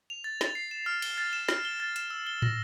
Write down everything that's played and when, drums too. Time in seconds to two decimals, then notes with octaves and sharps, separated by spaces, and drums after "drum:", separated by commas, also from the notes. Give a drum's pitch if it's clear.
0.10 F7
0.24 A6
0.41 A6, drum: snare
0.55 C7
0.71 E7
0.86 F6
1.02 G7, drum: cymbal
1.18 A6
1.33 E7
1.49 F6, drum: snare
1.65 G7
1.80 A6
1.96 E7, drum: hi-hat
2.10 E6
2.27 G7
2.42 A#6, drum: tom